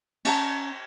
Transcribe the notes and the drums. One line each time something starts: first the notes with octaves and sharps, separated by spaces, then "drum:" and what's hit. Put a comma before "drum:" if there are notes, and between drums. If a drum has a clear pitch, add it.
C#4 A5 A#5, drum: cymbal